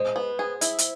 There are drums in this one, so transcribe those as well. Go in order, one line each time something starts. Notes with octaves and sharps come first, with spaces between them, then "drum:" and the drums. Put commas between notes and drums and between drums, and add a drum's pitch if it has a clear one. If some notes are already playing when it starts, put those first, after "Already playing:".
Already playing: G#3 C5
B3
G#4
E4, drum: hi-hat
drum: hi-hat